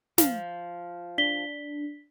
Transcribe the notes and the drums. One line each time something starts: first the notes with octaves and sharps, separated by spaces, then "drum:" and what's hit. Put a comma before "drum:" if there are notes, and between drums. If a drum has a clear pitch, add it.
F3, drum: snare
D4 B6 G7